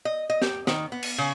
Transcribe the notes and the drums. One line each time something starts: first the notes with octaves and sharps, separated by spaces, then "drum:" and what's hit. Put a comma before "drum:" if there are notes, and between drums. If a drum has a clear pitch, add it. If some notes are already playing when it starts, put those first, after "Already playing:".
D#5
D#5
G4, drum: snare
D#3, drum: snare
B3
drum: cymbal
C#3